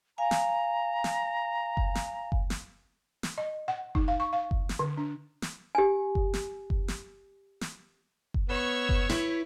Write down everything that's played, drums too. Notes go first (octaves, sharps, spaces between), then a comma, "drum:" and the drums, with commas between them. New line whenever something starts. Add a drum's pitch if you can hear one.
F5 G#5 A#5
drum: snare
drum: snare
drum: kick F#1
drum: snare
drum: kick F#1
drum: snare
drum: snare
D#5
F#5
D#4, drum: kick F#1
F5
C#6
F5
drum: kick F#1
drum: snare
D3
D4
drum: snare
G4 G#5
drum: kick F#1
drum: snare
drum: kick F#1
drum: snare
drum: snare
drum: kick F#1
B3 C#5 C#6 E6
drum: kick F#1
E4 B4, drum: snare